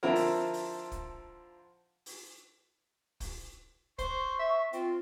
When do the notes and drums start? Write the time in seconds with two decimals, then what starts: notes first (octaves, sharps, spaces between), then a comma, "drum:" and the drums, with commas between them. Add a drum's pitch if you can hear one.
0.03 D3 F3 C4 E4 F4 A#4
0.15 drum: open hi-hat
0.53 drum: open hi-hat
0.92 drum: kick, hi-hat
2.06 drum: open hi-hat
3.20 drum: kick, open hi-hat
3.99 C5 C#6, drum: kick, hi-hat
4.39 E5
4.73 C4 F4, drum: hi-hat